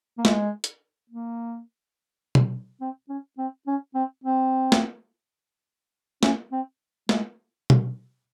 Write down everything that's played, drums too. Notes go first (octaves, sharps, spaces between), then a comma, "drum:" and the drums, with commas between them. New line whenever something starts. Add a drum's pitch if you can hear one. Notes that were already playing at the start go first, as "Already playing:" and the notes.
A#3
G#3, drum: snare
drum: hi-hat
A#3
drum: tom B2
C4
C#4
C4
C#4
C4
C4
drum: snare
C#4, drum: snare
C4
G#3, drum: snare
drum: tom B2